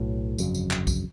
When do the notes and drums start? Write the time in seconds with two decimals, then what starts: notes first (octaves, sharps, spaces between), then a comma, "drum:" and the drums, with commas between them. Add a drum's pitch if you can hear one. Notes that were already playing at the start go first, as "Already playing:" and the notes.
Already playing: B1 A2 F#3
0.38 G1 F2 C#3 F#3, drum: tambourine
0.54 drum: tambourine
0.71 drum: clap
0.87 drum: kick B1, tambourine